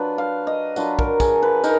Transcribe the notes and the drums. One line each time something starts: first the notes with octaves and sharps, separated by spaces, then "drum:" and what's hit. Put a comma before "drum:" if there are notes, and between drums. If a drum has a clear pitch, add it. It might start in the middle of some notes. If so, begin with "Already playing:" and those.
Already playing: F#3 D4 F4 B4
F5
D#5
F#3 D4 F4 B4, drum: tambourine
A#4, drum: kick
G#4, drum: kick, tambourine
B4
D#4 A#4, drum: tambourine